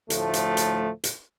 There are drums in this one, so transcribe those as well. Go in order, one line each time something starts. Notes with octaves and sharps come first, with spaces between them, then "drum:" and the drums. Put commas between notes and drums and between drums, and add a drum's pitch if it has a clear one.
D2 A2 F3 A3, drum: hi-hat
drum: hi-hat
drum: hi-hat
drum: hi-hat